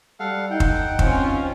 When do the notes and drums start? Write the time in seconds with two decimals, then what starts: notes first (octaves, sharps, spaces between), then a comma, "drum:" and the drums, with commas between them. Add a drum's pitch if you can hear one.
0.20 G3 A4 F5 F#5
0.51 D#4 F#5 G5
0.60 drum: kick
0.99 C4 C#4 F4, drum: kick